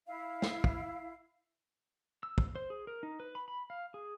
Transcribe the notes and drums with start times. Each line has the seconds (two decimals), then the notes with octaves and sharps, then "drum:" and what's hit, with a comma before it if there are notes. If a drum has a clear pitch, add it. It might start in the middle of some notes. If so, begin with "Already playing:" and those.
0.06 E4 F5
0.42 drum: snare
0.64 drum: kick
2.23 E6
2.38 drum: kick
2.56 C5
2.70 G#4
2.87 A#4
3.03 D#4
3.20 B4
3.35 B5
3.48 B5
3.70 F5
3.94 G#4